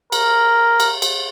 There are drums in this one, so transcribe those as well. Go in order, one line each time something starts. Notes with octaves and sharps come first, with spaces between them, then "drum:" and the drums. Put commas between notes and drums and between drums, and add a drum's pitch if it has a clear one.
A#4, drum: cymbal
drum: cymbal
drum: cymbal